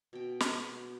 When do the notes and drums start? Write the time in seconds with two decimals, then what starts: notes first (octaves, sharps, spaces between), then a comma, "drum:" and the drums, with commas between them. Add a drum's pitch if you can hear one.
0.13 B2 G5
0.40 drum: snare